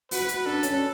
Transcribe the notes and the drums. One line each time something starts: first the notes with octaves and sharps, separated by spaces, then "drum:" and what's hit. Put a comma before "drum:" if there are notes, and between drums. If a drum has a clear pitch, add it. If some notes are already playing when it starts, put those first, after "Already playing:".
F#4 B4, drum: open hi-hat
drum: hi-hat
D4 A4
C#4, drum: hi-hat